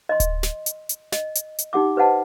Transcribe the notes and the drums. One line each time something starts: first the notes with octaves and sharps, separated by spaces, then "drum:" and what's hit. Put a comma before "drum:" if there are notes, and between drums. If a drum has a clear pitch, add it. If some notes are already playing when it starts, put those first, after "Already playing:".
D#5 C6
drum: kick D1, hi-hat
drum: snare
drum: hi-hat
drum: hi-hat
D#5, drum: snare
drum: hi-hat
drum: hi-hat
D#4 G4 F#5 D6
G4 B4 C5 D#5 F#5 A5